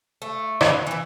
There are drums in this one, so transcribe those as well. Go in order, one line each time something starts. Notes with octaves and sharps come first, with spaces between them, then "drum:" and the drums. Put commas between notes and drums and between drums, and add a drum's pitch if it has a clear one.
A3
B4, drum: rim click
E3 E4